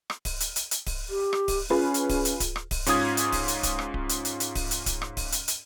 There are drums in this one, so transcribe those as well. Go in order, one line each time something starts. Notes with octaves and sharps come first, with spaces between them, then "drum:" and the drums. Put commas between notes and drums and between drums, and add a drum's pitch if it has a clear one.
drum: rim click
drum: kick D1, open hi-hat
drum: hi-hat
drum: hi-hat
drum: hi-hat
drum: kick D1, open hi-hat
G4
drum: rim click
drum: kick D1, open hi-hat
C#4 F4 G#4 B4
drum: hi-hat
drum: kick D1, open hi-hat
drum: hi-hat
drum: kick D1, hi-hat
drum: rim click
drum: kick D1, open hi-hat
G#2 C#4 F4 D#6 G#6, drum: hi-hat
drum: hi-hat
drum: kick D1, open hi-hat
drum: hi-hat
drum: kick D1, hi-hat
drum: rim click
drum: kick D1
drum: hi-hat
drum: hi-hat
drum: hi-hat
drum: kick D1, open hi-hat
drum: hi-hat
drum: kick D1, hi-hat
drum: rim click
drum: kick D1, open hi-hat
drum: hi-hat
drum: hi-hat